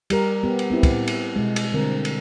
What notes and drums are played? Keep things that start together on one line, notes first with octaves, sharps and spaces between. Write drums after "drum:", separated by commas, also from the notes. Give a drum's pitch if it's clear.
G3 G4 A#4, drum: cymbal
B3 G4
drum: cymbal
B3 C4 E4 G4
drum: kick, cymbal
drum: cymbal
B2 G#3
drum: cymbal
D3 G3 C4 A#4
drum: cymbal